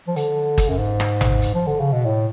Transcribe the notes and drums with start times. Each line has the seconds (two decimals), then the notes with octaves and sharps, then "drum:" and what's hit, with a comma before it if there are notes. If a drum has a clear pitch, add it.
0.07 F3
0.16 D3, drum: hi-hat
0.58 drum: kick G1, hi-hat
0.69 F#2
0.78 G#2
1.00 drum: rim click
1.21 drum: tom G#1
1.42 drum: hi-hat
1.55 F3
1.67 D3
1.80 C#3
1.92 B2
2.05 A2